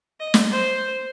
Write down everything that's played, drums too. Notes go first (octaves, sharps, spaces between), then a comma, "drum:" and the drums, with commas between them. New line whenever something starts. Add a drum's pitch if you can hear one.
D#5
drum: snare
C5